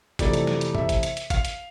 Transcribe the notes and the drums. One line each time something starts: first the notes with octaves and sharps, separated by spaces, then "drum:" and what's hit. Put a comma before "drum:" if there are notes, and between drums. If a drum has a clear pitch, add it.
F2 C3 E3 A3 D5, drum: kick, hi-hat
drum: hi-hat
drum: snare
drum: hi-hat
E5, drum: tom
drum: kick, hi-hat
drum: hi-hat
drum: hi-hat
F5, drum: kick, hi-hat
drum: hi-hat